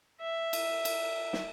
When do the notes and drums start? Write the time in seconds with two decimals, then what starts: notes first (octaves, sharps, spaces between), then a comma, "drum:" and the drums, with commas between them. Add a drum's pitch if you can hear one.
0.21 E5
0.53 drum: cymbal
0.85 drum: cymbal
1.33 drum: snare